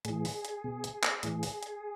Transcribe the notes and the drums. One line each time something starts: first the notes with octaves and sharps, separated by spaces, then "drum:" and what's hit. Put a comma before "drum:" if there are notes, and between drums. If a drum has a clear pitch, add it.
A2 E3 G#4, drum: hi-hat
drum: open hi-hat
drum: hi-hat
B2
drum: hi-hat
drum: clap
A2 E3 G#4, drum: hi-hat
drum: open hi-hat
drum: hi-hat